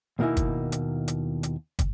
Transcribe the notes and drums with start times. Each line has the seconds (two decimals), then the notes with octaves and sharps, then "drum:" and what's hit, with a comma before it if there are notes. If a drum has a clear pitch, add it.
0.19 D#2 B2 A#3 D#4 E4 G#5
0.37 drum: kick, hi-hat
0.72 drum: hi-hat
1.08 drum: hi-hat
1.43 drum: hi-hat
1.79 drum: kick, hi-hat